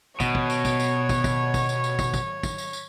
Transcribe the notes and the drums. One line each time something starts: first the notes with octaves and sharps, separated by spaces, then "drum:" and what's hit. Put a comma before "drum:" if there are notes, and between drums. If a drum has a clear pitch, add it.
B2 C#5, drum: kick, tambourine
drum: kick
drum: tambourine
drum: kick, tambourine
drum: tambourine
drum: kick, tambourine
drum: kick, tambourine
drum: kick, tambourine
drum: tambourine
drum: tambourine
drum: kick, tambourine
drum: kick, tambourine
drum: kick, tambourine
drum: tambourine
drum: tambourine